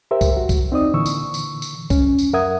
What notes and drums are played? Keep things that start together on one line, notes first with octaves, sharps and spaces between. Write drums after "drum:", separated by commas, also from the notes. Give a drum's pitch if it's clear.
G4 A#4 C5 E5
drum: kick C2, tambourine
F#4
drum: kick C2, tambourine
C4 D#4 D5 D#6
A#2 D3 E3 C#6 E6
drum: tambourine
drum: tambourine
drum: tambourine
C#4, drum: kick C2, tambourine
drum: tambourine
F#2 A#4 E5 F#5 D#6 G#6